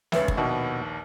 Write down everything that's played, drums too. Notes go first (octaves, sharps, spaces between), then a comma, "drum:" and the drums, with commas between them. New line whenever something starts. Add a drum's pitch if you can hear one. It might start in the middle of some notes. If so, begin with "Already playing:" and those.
F1 C#2 B4 C#5 E5, drum: snare
drum: kick
A#1 D#2 B2